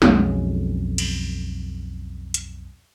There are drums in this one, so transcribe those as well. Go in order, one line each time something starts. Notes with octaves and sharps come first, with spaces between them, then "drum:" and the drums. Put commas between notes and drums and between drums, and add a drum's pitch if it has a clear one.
B1 F2 G#3 C#4, drum: snare
drum: cymbal
drum: hi-hat